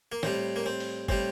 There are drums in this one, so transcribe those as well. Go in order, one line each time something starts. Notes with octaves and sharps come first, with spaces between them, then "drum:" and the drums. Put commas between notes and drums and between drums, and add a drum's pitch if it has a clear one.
A#3
A2 G3 C4, drum: snare
A#3
C4
drum: open hi-hat
A2 G3 C4, drum: kick